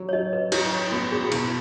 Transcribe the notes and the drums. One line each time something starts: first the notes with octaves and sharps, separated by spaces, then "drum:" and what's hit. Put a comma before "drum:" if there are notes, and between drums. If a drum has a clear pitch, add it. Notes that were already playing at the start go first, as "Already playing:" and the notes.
Already playing: F#3
C#5
F#3 D#5
B4
F#3 E4, drum: cymbal
E4
B3 F#4
G#4
F#4
B2 E4, drum: cymbal